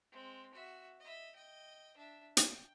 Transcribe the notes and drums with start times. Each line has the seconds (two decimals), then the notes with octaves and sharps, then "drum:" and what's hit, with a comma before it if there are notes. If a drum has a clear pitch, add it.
0.12 G#3 C4
0.54 F#4 E5
1.00 D#5 E5
1.35 D#5 G5
1.97 D4 E5
2.37 G5, drum: hi-hat